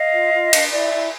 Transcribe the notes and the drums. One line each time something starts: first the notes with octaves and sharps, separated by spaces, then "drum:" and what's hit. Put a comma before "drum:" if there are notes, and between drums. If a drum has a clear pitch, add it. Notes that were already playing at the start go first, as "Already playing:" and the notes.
Already playing: D#5 F5
F4
F4
D4, drum: cymbal
E4 D5 E5
E4